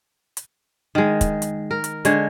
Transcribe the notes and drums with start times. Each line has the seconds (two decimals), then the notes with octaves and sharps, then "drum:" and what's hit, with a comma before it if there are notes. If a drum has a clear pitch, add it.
0.37 drum: hi-hat
0.95 D#3 G#3
1.21 drum: kick, hi-hat
1.42 drum: hi-hat
1.71 A#4
1.84 drum: hi-hat
2.05 D3 G#3 C#5, drum: hi-hat